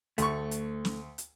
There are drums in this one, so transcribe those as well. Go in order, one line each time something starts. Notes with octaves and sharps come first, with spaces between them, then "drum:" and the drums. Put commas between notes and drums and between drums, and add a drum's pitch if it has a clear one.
D2 A3 C#6, drum: hi-hat
drum: hi-hat
drum: snare
drum: hi-hat